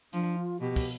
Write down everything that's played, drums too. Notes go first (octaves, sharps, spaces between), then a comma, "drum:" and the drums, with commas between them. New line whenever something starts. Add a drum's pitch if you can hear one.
F3 D4, drum: hi-hat
F4
B2 G4
drum: kick, open hi-hat